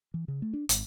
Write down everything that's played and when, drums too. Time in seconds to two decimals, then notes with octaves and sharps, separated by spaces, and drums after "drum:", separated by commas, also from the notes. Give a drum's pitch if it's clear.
0.14 E3
0.28 C#3
0.42 A3
0.53 D4
0.69 G#1, drum: hi-hat